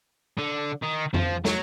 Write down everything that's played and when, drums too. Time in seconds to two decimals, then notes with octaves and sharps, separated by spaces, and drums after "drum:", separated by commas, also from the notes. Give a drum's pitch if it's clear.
0.38 D3
0.83 D#3
1.14 F3, drum: tom F2
1.45 F#3, drum: snare